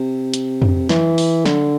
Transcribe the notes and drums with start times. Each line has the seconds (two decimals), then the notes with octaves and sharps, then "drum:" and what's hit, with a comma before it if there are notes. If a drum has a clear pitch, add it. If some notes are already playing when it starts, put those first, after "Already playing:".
Already playing: C3
0.34 drum: hi-hat
0.62 drum: tom F2
0.89 E3, drum: snare
1.18 drum: open hi-hat
1.45 D3, drum: snare